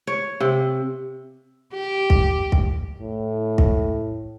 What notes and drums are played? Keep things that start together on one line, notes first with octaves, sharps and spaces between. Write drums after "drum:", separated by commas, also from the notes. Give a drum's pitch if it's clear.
C#5
C3
G4
drum: kick
drum: kick
A2
drum: kick